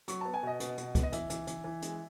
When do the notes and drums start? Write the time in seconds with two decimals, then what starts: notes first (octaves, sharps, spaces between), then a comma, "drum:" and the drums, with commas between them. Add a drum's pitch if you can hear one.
0.08 F#3 C#6, drum: hi-hat
0.21 B3 A5
0.34 G#5
0.43 B2 D#5
0.60 B2, drum: hi-hat
0.78 B2, drum: hi-hat
0.95 B3, drum: kick, hi-hat
1.03 D#5
1.12 E3 E5, drum: hi-hat
1.30 E3, drum: hi-hat
1.47 E3, drum: hi-hat
1.64 E3
1.82 G#3, drum: hi-hat